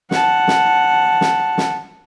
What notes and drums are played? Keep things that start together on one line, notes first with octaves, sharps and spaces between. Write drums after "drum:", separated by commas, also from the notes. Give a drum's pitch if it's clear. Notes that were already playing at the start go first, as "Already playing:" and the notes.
F#5 A5, drum: snare
drum: snare
drum: snare
drum: snare